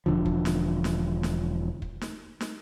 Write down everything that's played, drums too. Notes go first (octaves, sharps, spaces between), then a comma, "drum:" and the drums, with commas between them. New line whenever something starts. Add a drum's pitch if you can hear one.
E1 D3 F3
drum: kick
drum: snare
drum: snare
drum: snare
drum: kick
drum: snare
drum: snare